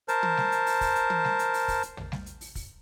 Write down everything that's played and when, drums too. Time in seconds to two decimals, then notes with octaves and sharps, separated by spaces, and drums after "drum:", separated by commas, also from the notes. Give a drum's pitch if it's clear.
0.08 A#4 C5 A5, drum: hi-hat
0.23 drum: tom
0.37 drum: snare G3
0.52 drum: hi-hat
0.66 drum: open hi-hat
0.81 drum: kick, open hi-hat
0.96 drum: hi-hat
1.10 drum: tom
1.25 drum: snare G3
1.39 drum: hi-hat
1.54 drum: open hi-hat
1.68 drum: kick, open hi-hat
1.83 drum: hi-hat
1.97 drum: tom
2.12 drum: snare G3
2.26 drum: hi-hat
2.41 drum: open hi-hat
2.55 drum: kick, open hi-hat